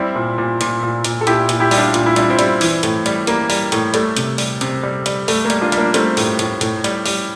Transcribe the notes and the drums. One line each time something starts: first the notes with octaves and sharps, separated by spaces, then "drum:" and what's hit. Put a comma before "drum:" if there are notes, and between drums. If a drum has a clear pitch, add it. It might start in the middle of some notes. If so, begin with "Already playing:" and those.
Already playing: G3 C4 E4
A#2
A#2
A#2, drum: hi-hat
A#2
A#2, drum: hi-hat
A4
A#2 E4 G4, drum: hi-hat
A#2, drum: hi-hat
E4 G4
G3 G4, drum: open hi-hat
D4 F4
A#2 F4, drum: hi-hat
E4
G3 D4, drum: hi-hat
C4 E4
G3, drum: hi-hat
E3, drum: open hi-hat
A2, drum: hi-hat
G3, drum: hi-hat
G3 A#3, drum: hi-hat
G3, drum: open hi-hat
A2, drum: hi-hat
G3 A3, drum: hi-hat
C3, drum: hi-hat
G3, drum: open hi-hat
C3, drum: hi-hat
G3
G3, drum: hi-hat
G3 A3, drum: open hi-hat
A#3
G3, drum: hi-hat
D4 F4
G3, drum: hi-hat
A#3 D4
G3 A3 C4, drum: hi-hat
A2, drum: open hi-hat
A2, drum: hi-hat
A2, drum: hi-hat
G3, drum: hi-hat
G3, drum: open hi-hat